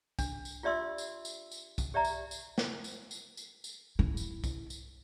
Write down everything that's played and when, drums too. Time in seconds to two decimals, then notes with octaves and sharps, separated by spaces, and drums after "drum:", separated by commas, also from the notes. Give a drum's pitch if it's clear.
0.19 D4, drum: kick, tambourine
0.45 drum: tambourine
0.63 F4 G4 D5 E5 C6 E6
0.98 drum: tambourine
1.25 drum: tambourine
1.51 drum: tambourine
1.78 drum: kick, tambourine
1.94 G4 D5 E5 A#5
2.05 drum: tambourine
2.31 drum: tambourine
2.58 drum: snare
2.84 drum: tambourine
3.11 drum: tambourine
3.37 drum: tambourine
3.64 drum: tambourine
3.99 E4
4.17 drum: tambourine
4.44 drum: kick, tambourine
4.70 drum: tambourine